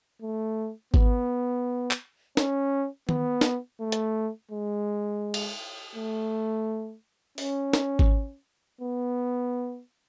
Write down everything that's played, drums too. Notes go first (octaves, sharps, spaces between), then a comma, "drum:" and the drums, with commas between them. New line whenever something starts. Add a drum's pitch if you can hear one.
A3
B3, drum: kick G#1
drum: clap
C#4, drum: snare
B3, drum: tom D#3
drum: snare
A3
drum: hi-hat
G#3
drum: cymbal
A3
C#4, drum: open hi-hat
drum: snare
drum: kick G#1
B3